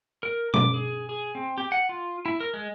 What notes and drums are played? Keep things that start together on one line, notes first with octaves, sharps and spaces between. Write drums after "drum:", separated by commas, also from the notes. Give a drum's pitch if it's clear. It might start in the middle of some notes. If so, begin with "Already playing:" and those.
A#4
D6, drum: tom
G#4
G#4
C4
G4
F#5
F4
E4
A#4
G#3